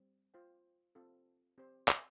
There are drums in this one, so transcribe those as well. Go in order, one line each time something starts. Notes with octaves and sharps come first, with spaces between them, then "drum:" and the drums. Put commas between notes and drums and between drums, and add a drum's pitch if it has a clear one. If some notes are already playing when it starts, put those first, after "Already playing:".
Already playing: G3 C4
F4 C5 G5
C4 F4 A4
C4 G4 C5
drum: clap